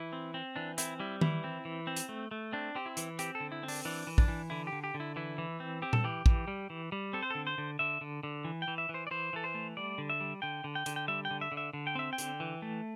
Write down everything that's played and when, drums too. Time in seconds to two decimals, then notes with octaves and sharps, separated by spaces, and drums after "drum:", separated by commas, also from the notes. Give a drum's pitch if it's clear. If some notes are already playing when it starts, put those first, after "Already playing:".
Already playing: E3 E4
0.13 C4
0.34 C4
0.56 E3 D4
0.78 C4 E4, drum: hi-hat
1.00 G3 E4
1.21 E3 E4, drum: tom D#3
1.44 C4
1.65 E3
1.87 C4
1.96 drum: hi-hat
2.09 A3
2.31 A3
2.53 C4 D4
2.75 C4 G4
2.86 E4
2.97 E3, drum: hi-hat
3.19 C4 G4, drum: hi-hat
3.35 A4
3.40 D3
3.52 E4
3.63 C4
3.68 D4, drum: open hi-hat
3.85 E3 D4
4.07 E3
4.18 D4, drum: kick
4.28 E3
4.50 D3 E4
4.67 G4
4.72 D3
4.84 G4
4.94 D3
5.00 E4
5.16 E3 E4
5.38 E3
5.60 C4
5.82 C4 G4
5.93 A4, drum: tom A#2
6.04 E3 G4
6.26 E3, drum: kick
6.48 G3
6.70 E3
6.92 G3
7.13 C4 A4
7.23 C5
7.30 D3 A4
7.47 C5
7.58 D3
7.79 D3 E5
8.01 D3
8.23 D3
8.45 E3
8.62 G5
8.68 E3
8.78 E5
8.89 E3
8.94 C5
9.07 D5
9.11 E3 C5
9.33 E3 A4
9.44 C5
9.54 A3
9.77 G3 D5
9.98 D3
10.10 E5
10.20 G3
10.42 D3 G5
10.64 D3
10.75 G5
10.86 D3, drum: hi-hat
10.96 G5
11.08 G3 E5
11.25 G5
11.31 D3
11.41 E5
11.52 D3
11.57 E5
11.73 D3
11.87 G5
11.95 C4 E5
12.13 G5
12.18 D3, drum: hi-hat
12.40 E3
12.62 A3